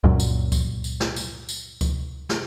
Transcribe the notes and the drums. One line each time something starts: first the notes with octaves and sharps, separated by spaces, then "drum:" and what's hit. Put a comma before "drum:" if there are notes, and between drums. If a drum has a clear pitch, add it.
C#2 F#2 A#2 F#3
drum: tambourine
drum: kick C#2, tambourine
drum: tambourine
drum: snare
drum: tambourine
drum: tambourine
drum: kick C#2, tambourine
drum: snare